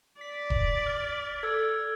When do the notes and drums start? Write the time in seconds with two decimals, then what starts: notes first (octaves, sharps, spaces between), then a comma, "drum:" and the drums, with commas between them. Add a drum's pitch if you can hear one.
0.21 D5 B6
0.50 drum: kick E1
0.86 F6 A6
1.43 A4 E6 G#6